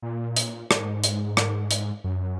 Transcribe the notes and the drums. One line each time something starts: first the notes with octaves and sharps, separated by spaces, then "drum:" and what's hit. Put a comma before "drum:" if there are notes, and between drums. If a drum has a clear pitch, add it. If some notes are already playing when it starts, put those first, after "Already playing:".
A#2
drum: hi-hat
G#2, drum: rim click
drum: hi-hat
drum: rim click
drum: hi-hat
F#2